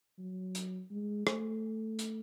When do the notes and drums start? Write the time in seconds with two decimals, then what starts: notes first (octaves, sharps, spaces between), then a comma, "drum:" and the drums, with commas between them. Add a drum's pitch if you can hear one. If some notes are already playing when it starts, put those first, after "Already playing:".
0.19 F#3
0.55 drum: hi-hat
0.91 G#3
1.27 A3, drum: rim click
1.99 drum: hi-hat